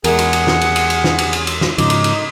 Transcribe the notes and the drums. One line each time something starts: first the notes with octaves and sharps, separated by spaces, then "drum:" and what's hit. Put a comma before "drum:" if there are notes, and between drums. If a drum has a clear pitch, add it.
E2 G#3 G#4 A#4 F#5, drum: cymbal
drum: cymbal
drum: cymbal
drum: snare
drum: cymbal
drum: cymbal
drum: cymbal
drum: snare
drum: cymbal
drum: cymbal
drum: cymbal
drum: snare
G#2 C#3 F3 D#4 D6, drum: cymbal
drum: cymbal
drum: cymbal